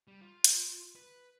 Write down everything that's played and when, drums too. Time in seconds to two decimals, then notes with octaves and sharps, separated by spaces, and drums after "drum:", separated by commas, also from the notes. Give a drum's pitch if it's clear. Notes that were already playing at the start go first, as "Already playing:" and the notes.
0.08 G3
0.21 F4
0.44 drum: hi-hat
0.95 B4